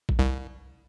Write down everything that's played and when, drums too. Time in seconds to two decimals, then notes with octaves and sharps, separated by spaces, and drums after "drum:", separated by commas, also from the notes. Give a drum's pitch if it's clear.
0.09 drum: kick A1
0.19 C2